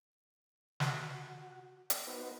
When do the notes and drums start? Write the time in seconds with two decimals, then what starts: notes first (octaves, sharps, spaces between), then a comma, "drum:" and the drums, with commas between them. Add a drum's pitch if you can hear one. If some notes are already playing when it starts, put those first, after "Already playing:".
0.80 F#4, drum: snare
1.90 drum: hi-hat
2.07 B3 D#4 F#4 B4 C5